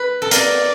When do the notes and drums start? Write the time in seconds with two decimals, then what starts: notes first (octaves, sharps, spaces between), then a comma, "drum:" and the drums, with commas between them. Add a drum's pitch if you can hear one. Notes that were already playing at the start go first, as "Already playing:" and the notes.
Already playing: B4
0.22 A4
0.31 A#4 D5, drum: hi-hat